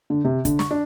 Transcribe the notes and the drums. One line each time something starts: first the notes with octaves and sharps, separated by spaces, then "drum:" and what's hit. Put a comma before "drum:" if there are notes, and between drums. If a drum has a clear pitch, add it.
D3
C3
D3, drum: kick, hi-hat
C#6, drum: snare
D4